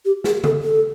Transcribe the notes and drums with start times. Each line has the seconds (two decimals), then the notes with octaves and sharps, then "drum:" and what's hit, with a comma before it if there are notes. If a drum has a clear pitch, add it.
0.05 G4
0.24 G#4, drum: snare
0.44 A4, drum: tom C#3
0.63 A4